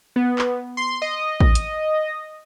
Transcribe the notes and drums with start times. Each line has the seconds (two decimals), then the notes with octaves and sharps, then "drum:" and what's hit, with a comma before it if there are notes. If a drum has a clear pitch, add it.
0.16 B3
0.38 drum: clap
0.77 C6
1.02 D#5
1.40 drum: kick
1.55 drum: hi-hat